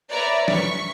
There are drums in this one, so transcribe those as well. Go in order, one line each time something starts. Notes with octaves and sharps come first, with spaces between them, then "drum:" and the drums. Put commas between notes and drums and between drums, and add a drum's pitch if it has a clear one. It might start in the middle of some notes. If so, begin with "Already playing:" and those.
B4 C#5 D5 E5 A#5
C#6 B6, drum: snare